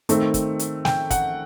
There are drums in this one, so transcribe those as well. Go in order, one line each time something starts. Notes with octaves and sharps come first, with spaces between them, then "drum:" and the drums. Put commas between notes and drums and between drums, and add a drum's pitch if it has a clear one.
D#3 A3 C4, drum: hi-hat
drum: kick, hi-hat
drum: hi-hat
G5, drum: snare
F#5, drum: kick, hi-hat